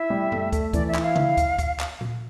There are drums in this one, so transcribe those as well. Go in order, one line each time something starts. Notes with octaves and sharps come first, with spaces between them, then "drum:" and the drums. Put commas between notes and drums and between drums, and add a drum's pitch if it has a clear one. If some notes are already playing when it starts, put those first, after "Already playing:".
Already playing: E4 E5
G3
A3, drum: tom F#2
A3, drum: kick, hi-hat
E3 D5, drum: kick, hi-hat
E5
E4, drum: clap
F5
E4, drum: tom
drum: kick, hi-hat
drum: kick, hi-hat
drum: clap
drum: tom A#2